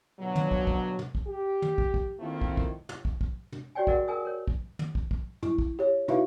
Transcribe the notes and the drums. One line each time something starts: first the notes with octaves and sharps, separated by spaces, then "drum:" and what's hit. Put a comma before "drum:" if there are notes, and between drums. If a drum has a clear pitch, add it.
B2 D3 F3 F#3
drum: tom
drum: kick
drum: kick
drum: tom
drum: kick
G4
drum: tom
drum: kick
drum: kick
D#3 A3 A#3 C4 E4 F4
drum: kick
drum: kick
drum: tom
drum: kick
drum: kick
drum: tom
F#4 G4 C#5 D5 G5 G#5
F#4 G#4 A#4 D5 D#5 F#5, drum: kick
G#4 A#4 G#5 D#6
A#4 C#5
drum: kick
drum: tom
drum: kick
drum: kick
E4, drum: tom
drum: kick
G4 C#5
D#4 E4 F#4 B4 E5 F5, drum: tom